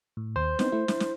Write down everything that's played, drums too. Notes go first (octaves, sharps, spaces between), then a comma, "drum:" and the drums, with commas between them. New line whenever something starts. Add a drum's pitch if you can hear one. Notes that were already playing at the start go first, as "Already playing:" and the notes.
A2
D#2 C5
B3 C4 D#4, drum: snare
A3 E4
E4, drum: snare
drum: snare